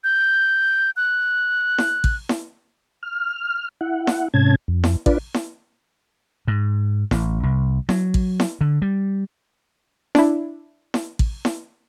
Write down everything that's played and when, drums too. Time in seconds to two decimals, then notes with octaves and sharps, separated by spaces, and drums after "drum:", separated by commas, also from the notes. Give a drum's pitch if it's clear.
0.04 G6
0.97 F#6
1.78 drum: snare E4
2.04 drum: kick A1
2.29 drum: snare E4
3.03 F6
3.81 E4 F#5
4.07 drum: snare E4
4.34 G#2 C3 C#4 A5 G#6
4.68 F2
4.84 drum: snare E4
5.06 D4 F4 B4 D5, drum: kick A1
5.34 drum: snare E4
6.48 G#2
7.11 A1, drum: snare E4
7.43 C2
7.89 F#3, drum: snare E4
8.14 drum: kick A1
8.40 drum: snare E4
8.61 D3
8.82 G3
10.15 D4 E4, drum: snare E4
10.94 drum: snare E4
11.19 drum: kick A1
11.45 drum: snare E4